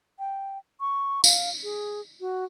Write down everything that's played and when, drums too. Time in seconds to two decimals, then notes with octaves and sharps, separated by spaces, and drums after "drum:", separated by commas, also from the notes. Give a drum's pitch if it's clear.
0.19 G5
0.80 C#6
1.24 F5, drum: tambourine
1.63 G#4
2.20 F#4